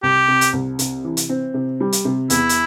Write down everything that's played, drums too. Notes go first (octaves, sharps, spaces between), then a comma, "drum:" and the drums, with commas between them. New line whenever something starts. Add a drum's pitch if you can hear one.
C2 G4
C3
drum: hi-hat
C2
C3, drum: hi-hat
E3
drum: hi-hat
C4
C3
G3
drum: hi-hat
C3
E2 E4, drum: hi-hat
drum: hi-hat